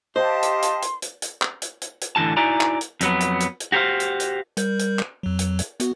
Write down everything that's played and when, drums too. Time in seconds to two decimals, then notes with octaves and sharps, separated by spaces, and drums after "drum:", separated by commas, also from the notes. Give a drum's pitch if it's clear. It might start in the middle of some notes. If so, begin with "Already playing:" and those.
0.16 G4 C5 D#5 F5 A5 C6
0.43 drum: hi-hat
0.62 drum: hi-hat
0.82 drum: hi-hat
1.02 drum: hi-hat
1.22 drum: hi-hat
1.42 drum: clap
1.62 drum: hi-hat
1.82 drum: hi-hat
2.01 drum: hi-hat
2.16 A2 D3 E3 F#4 A5
2.37 D#4 E4 F#4 D5 G#5 A#5
2.61 drum: clap
2.81 drum: hi-hat
3.01 F2 F#3 B3, drum: hi-hat
3.20 drum: hi-hat
3.40 drum: hi-hat
3.60 drum: hi-hat
3.72 F#4 G4 A4 C5 F5
4.00 drum: hi-hat
4.20 drum: hi-hat
4.57 G3 A#4 G6, drum: hi-hat
4.79 drum: hi-hat
4.99 drum: clap
5.23 F2 F#3
5.39 drum: hi-hat
5.59 drum: hi-hat
5.80 B3 F#4, drum: hi-hat